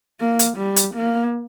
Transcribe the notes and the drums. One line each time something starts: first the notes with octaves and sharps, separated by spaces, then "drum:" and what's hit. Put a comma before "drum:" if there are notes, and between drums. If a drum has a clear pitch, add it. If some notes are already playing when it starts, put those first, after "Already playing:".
A#3
drum: hi-hat
G3
drum: hi-hat
A#3